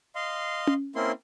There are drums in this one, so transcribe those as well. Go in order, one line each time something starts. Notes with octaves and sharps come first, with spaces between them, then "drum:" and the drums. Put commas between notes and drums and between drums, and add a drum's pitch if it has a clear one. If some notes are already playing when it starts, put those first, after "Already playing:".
D#5 F5 C6
drum: tom C#4
A#3 C4 C#4 E4 C6